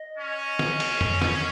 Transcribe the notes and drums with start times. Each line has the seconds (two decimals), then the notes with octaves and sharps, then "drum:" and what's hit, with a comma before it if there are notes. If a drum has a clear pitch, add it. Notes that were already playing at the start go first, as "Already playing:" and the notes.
Already playing: D#5
0.18 C#4
0.59 drum: snare
0.80 drum: cymbal
1.01 drum: tom F2
1.22 drum: snare